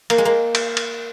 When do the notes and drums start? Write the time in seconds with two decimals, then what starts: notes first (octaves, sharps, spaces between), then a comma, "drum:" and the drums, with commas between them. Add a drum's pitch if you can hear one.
0.10 A#3, drum: cymbal
0.18 G#3
0.25 A#3
0.55 drum: cymbal
0.77 drum: cymbal